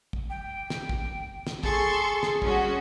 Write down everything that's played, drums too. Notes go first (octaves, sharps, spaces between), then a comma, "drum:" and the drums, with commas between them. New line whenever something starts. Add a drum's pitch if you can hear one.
drum: kick
G5
drum: snare
drum: kick
drum: snare
G#4 A4 C6 C#6, drum: kick
drum: snare
G3 C#4 F#4, drum: kick